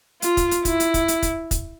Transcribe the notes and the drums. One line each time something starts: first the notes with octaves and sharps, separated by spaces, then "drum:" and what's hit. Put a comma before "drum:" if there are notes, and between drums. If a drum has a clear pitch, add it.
F4, drum: hi-hat
drum: kick, hi-hat
drum: hi-hat
E4, drum: kick, hi-hat
drum: hi-hat
drum: kick, hi-hat
drum: hi-hat
drum: kick, hi-hat
drum: kick, hi-hat